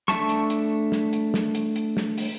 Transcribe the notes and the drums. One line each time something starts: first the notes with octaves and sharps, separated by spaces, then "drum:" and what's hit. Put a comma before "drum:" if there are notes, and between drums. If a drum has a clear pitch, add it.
A3 D4 E5 A5 C#6, drum: snare
drum: hi-hat
drum: hi-hat
drum: snare
drum: hi-hat
drum: snare
drum: hi-hat
drum: hi-hat
drum: snare
drum: open hi-hat